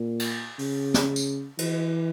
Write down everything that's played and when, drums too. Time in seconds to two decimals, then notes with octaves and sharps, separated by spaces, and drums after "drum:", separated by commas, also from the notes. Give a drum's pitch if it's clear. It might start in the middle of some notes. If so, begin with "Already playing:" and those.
Already playing: A#2
0.19 drum: cymbal
0.59 C#3, drum: open hi-hat
0.94 drum: snare
1.16 drum: tambourine
1.58 E3, drum: cymbal